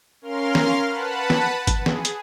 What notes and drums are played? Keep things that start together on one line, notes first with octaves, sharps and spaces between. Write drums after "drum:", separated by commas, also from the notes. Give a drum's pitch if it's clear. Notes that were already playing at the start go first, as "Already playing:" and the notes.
C#4 A#4 F5 C6 F6
drum: snare
B4 F#5 A5 B5
drum: snare
drum: kick G1, hi-hat
G#4, drum: snare
drum: hi-hat